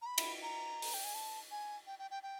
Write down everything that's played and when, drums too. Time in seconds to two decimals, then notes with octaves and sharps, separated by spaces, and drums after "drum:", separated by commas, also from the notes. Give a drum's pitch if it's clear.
0.02 A#5
0.06 B5
0.18 drum: cymbal
0.42 A#5
0.82 drum: open hi-hat
0.94 G5
1.04 G#5
1.14 A5
1.51 G#5
1.87 G5
1.99 G5
2.11 G5
2.23 G5